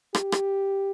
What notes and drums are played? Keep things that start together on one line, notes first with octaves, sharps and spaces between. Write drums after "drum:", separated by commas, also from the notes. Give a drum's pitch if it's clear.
G4, drum: rim click
drum: rim click